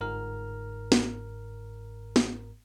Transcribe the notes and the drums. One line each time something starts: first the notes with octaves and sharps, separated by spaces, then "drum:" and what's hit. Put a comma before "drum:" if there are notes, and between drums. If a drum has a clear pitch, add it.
G1 G#2 A#4 A#5 F6
drum: snare
drum: snare